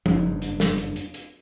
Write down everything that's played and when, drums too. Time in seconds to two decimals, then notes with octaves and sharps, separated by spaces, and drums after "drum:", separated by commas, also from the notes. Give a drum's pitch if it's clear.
0.06 F#1 E2 G2 D#4, drum: tom
0.32 D4
0.42 drum: hi-hat
0.60 drum: snare
0.78 drum: hi-hat
0.96 drum: hi-hat
1.14 drum: hi-hat